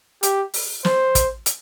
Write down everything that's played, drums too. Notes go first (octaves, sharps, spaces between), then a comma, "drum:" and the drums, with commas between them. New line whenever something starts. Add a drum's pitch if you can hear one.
G4, drum: hi-hat
drum: open hi-hat
C5, drum: snare
drum: kick, hi-hat
drum: hi-hat